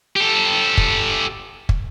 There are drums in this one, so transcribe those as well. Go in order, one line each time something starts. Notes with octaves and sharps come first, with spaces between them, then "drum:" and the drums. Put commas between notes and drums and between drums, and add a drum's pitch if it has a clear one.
G4 A4
drum: kick
drum: kick